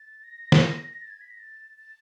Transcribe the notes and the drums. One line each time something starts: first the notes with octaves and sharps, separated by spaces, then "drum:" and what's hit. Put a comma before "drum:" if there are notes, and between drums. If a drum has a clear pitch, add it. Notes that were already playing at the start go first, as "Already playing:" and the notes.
Already playing: A6
A#6
drum: snare
A6
G#6
B6
A#6
A6
A6